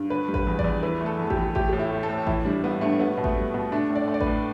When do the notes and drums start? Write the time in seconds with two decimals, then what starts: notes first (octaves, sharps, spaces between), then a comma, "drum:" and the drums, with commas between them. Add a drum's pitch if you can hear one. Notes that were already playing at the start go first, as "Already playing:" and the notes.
Already playing: G2
0.10 D3 B4
0.28 G3
0.34 B4, drum: kick A1
0.47 E2
0.59 D5, drum: kick A1
0.64 E2
0.83 E3 B4
1.00 A3
1.06 A4
1.19 E2
1.27 A4
1.30 G4, drum: kick A1
1.37 E2
1.55 A3 G4, drum: kick A1
1.69 A2 G4
1.79 E4
1.91 A3
2.03 A4
2.09 A2
2.27 E3 E4, drum: kick A1
2.45 G3 D4
2.64 G2 B3
2.81 G2 A3
3.00 G3 B3
3.17 B2
3.24 A3, drum: kick A1
3.36 G3
3.54 B2
3.72 A3 D4
3.89 A2
3.95 D5
4.08 A3
4.14 D5
4.21 B4, drum: kick A1
4.27 A2